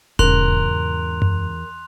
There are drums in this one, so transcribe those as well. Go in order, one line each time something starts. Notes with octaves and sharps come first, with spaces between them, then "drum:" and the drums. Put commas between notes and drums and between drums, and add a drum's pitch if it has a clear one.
E2 G#2 C#3 A#4 C6 F#6 F7, drum: kick D#1
drum: tom F#2